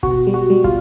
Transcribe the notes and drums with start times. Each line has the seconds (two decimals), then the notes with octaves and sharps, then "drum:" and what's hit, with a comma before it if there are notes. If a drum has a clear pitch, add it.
0.03 B2 F#4, drum: kick
0.27 G3
0.34 F#4
0.50 G3
0.64 F4, drum: kick